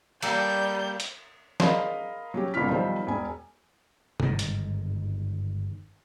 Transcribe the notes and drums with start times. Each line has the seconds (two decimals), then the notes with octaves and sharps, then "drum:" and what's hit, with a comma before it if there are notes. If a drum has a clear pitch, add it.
0.22 G3 A#3 A4 G6, drum: cymbal
1.00 drum: hi-hat
1.60 G#4 A#4 D#5 F5 B5 C6, drum: snare
2.34 F#3 C#4 G4
2.54 G1 A#2 C#3 E3 F6 B6
2.67 B1 D#3 F3 G3 C5
3.07 E1 G#5
4.20 G1 G#2 D#3, drum: tom
4.39 drum: hi-hat